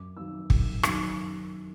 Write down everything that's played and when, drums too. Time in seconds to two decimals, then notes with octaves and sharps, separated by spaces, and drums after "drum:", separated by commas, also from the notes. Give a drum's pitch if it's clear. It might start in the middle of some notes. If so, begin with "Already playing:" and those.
Already playing: F#2 D6
0.17 D#3 F#3 E6
0.50 F#2, drum: kick
0.83 D#3 F#3, drum: rim click